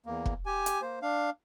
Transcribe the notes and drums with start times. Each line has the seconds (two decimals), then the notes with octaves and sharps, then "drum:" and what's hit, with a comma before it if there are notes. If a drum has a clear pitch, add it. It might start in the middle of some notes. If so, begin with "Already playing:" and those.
0.06 E2 A#3
0.26 drum: kick
0.46 G4 G#5
0.66 drum: hi-hat
0.82 A#3 C5
1.02 D4 F5